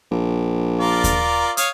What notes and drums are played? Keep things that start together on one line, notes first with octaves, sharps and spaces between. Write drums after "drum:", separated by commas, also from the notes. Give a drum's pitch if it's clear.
A#1
F4 A#4 D5
drum: kick D#2, hi-hat
C#5 F5 D#6, drum: hi-hat